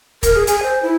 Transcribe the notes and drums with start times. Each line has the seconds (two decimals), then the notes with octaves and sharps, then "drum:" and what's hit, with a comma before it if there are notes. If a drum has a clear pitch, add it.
0.23 A#4, drum: kick, hi-hat
0.35 G#4
0.47 G#5, drum: hi-hat
0.63 C5
0.83 E4